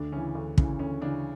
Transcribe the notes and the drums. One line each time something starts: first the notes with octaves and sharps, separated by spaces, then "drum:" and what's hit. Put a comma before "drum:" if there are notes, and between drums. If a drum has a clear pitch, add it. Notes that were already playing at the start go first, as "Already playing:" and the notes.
Already playing: D2 D4
C#3 E3 C#4
D2
C#3 E3, drum: kick
D2 C#4
C#3 E3 D4